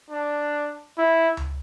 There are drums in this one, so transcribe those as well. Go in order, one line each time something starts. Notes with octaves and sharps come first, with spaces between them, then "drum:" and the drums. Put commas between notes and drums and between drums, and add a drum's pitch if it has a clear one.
D4
E4
drum: tom C#2